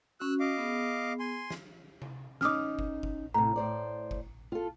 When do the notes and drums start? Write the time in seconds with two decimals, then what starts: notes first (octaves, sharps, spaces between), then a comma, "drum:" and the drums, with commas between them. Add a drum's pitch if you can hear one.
0.20 C#4 F#4 E6 F#6
0.40 D#5 F5 D6
0.58 B3 G#4
1.20 G#5 C6
1.50 drum: snare
2.02 drum: tom C3
2.41 C#4 D#4 D6 D#6 F6, drum: snare
2.79 drum: kick F#1
3.03 drum: kick F#1
3.34 A2 C3 A#5
3.56 A2 C5 D5
4.11 drum: kick F#1
4.52 F4 A4